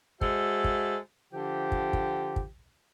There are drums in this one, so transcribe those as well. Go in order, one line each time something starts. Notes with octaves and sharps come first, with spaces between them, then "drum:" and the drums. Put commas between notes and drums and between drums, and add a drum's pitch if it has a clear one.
G#3 F#4 A4 C5 E5, drum: kick
drum: kick
D3 F3 G4
drum: kick
drum: kick
drum: kick